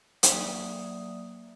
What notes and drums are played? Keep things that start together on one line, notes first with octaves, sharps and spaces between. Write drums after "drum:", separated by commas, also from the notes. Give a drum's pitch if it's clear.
F#3 A#3 D5 E5 D#6, drum: hi-hat